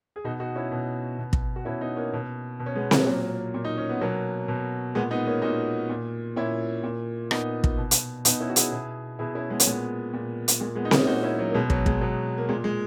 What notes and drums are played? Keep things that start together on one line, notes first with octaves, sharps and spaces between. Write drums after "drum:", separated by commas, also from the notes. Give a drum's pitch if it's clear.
G#4
B2 D#4 F#4
D#4 F#4
C#4 E4
B2
B2
drum: kick
F#4
B2 C#4 E4
B3 D#4
A#3 C#4
B2
B2
C#4
G#3 B3
F#3 A#3, drum: snare C4
A#2 F#3 A#3
A#2
D#4
C#4
B3
B2 F#3 A#3
B2
A#2 G#3 B3
B3 D#4
A#3 C#4
A#2 D#4 F#4
A#2
A#2 C#4 E4
A#2
A#2 B3 D#4, drum: rim click
drum: kick
B2
drum: hi-hat
B2 B3 D#4, drum: hi-hat
C#4 E4
F#4
E4 G#4, drum: hi-hat
B2 E4 G#4
B2 E4 G#4
C#4 E4
G#3 B3
C#4, drum: hi-hat
A#2 G#3 B3
A#2
drum: hi-hat
A#2 G#3
G#3 B3
D#4
A#3 C#4, drum: snare C4
A#2 D#4 F#4
C#4 E4
F#3
A#3
B2 G#3
F#3, drum: kick
G#3, drum: kick
B2 F#3
A#3
A#2 G#3
G#3